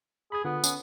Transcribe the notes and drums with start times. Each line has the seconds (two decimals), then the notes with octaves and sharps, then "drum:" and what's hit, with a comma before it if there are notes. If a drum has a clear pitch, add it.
0.32 G#4 B5 G#6
0.45 D3 B3 F4
0.64 C#4, drum: tambourine